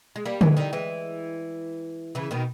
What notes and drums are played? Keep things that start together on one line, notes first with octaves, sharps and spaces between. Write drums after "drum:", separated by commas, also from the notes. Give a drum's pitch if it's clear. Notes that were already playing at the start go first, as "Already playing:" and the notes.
G#3
G3 A#3
E3 G#3, drum: tom D3
D#3 G3
E3 G#3
C#3 E3
B2 D#3